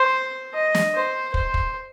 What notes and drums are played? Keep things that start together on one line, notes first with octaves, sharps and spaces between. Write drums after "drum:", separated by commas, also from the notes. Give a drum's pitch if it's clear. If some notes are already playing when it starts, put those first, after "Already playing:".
Already playing: C5
D#5
drum: snare
C5
C5, drum: kick
drum: kick